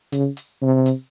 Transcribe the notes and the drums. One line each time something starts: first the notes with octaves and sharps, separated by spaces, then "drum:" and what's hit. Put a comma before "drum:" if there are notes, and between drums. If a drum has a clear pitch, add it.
C#3, drum: hi-hat
drum: hi-hat
C3
drum: hi-hat